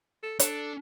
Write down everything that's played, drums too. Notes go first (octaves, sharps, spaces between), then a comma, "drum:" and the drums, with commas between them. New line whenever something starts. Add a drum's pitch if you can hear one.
A4
D4 A4, drum: hi-hat